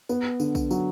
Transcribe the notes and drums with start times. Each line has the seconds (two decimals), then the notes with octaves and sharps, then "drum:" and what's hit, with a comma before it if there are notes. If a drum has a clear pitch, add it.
0.09 B3, drum: tambourine
0.40 D3, drum: tambourine
0.55 drum: kick A#1, tambourine
0.71 F#3, drum: tambourine